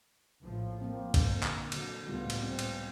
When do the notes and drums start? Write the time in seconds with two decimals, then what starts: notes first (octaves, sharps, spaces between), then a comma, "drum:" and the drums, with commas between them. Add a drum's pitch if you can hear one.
0.41 A#1 A2 F3
0.81 A#3 C4
1.14 drum: kick, cymbal
1.30 A#2 D3
1.43 drum: clap
1.72 D3 F#3, drum: cymbal
2.08 C#2 A2 G3 B3 F4
2.30 drum: cymbal
2.43 C4
2.59 drum: cymbal